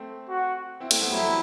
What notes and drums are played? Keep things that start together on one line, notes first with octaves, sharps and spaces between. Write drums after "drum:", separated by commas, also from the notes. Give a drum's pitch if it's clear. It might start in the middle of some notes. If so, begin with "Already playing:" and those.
Already playing: A3 C4
F#4
C4 E4
A3 C4, drum: cymbal
G3 B3
F#3 A3 E4
E3